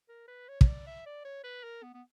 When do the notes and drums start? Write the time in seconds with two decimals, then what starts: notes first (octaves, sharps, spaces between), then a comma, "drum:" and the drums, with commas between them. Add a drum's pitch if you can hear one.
0.09 A#4
0.28 B4
0.48 C#5
0.61 C#5, drum: kick
0.67 D5
0.87 E5
1.06 D5
1.25 C#5
1.44 B4
1.63 A#4
1.83 B3
1.94 B3